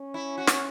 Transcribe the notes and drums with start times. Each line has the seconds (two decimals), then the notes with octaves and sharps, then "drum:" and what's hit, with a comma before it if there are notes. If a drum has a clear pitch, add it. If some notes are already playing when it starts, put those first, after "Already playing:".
Already playing: C#4
0.14 E4
0.38 F#4
0.47 drum: snare